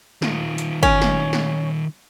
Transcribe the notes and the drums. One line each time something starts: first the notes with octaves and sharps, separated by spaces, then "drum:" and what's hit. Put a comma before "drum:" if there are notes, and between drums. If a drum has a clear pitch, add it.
D#3 F4, drum: snare
drum: hi-hat
C#4, drum: kick
drum: snare
drum: snare